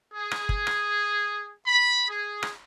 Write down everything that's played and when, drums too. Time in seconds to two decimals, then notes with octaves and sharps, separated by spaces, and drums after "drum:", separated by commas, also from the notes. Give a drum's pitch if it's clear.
0.14 G#4
0.31 drum: rim click
0.49 drum: kick
0.67 drum: rim click
1.66 B5
2.09 G#4
2.43 drum: rim click